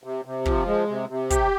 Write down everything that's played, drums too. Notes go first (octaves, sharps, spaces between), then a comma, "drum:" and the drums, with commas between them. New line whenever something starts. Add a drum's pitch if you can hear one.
C3
C3
F3, drum: kick
G#3
C3
C3
G4, drum: kick, hi-hat